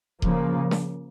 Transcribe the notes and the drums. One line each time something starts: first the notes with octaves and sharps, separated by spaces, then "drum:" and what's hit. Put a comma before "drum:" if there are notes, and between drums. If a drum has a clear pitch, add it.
C#3 F3 A#3, drum: kick D#1
drum: snare